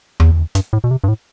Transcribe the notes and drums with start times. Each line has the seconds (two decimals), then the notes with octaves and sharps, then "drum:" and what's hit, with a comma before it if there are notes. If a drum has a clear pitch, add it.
0.20 E2, drum: tom E2
0.55 G2, drum: hi-hat
0.73 A2
0.84 B2
0.91 C3
1.04 G2
1.08 A2